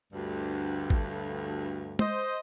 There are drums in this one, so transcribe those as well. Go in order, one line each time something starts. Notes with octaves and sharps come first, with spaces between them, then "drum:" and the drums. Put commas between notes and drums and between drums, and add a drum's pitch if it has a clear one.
D2 G2
drum: kick
C5 D#5, drum: tom